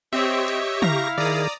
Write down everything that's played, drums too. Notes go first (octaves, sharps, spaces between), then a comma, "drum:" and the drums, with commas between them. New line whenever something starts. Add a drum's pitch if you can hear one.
C4 G4 C#5 D#5 E5 C#6
drum: hi-hat
E4 F5 A#5 A#6, drum: tom
D#3 G#4 D5 A#5 D#6